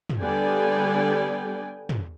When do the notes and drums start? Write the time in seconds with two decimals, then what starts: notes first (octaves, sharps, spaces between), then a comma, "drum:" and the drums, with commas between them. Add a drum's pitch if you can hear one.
0.09 drum: tom
0.21 D3 G3 B3 D5 G5 G#5
1.89 drum: tom